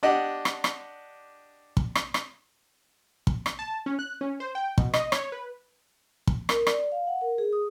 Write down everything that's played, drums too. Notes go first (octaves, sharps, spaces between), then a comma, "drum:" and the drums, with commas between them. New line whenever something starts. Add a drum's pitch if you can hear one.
D4 G4 D#5 F#5
drum: rim click
drum: rim click
drum: kick
drum: rim click
drum: rim click
drum: kick
drum: rim click
A5
C#4
F#6
C#4
C5
G5
B2, drum: kick
D#5, drum: rim click
C#5, drum: rim click
B4
drum: kick
A#4, drum: rim click
D5, drum: rim click
F5
F#5
A#4
G#4
D#6